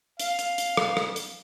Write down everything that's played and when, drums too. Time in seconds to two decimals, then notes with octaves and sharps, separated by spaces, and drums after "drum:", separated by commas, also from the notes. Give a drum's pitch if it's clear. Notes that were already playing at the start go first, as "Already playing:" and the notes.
0.20 F5, drum: hi-hat
0.39 drum: hi-hat
0.58 drum: hi-hat
0.77 drum: rim click
0.97 drum: rim click
1.16 drum: hi-hat